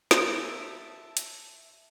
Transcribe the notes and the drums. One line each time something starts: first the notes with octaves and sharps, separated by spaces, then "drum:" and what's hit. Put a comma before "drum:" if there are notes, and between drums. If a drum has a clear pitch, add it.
drum: snare
E5 A5
drum: hi-hat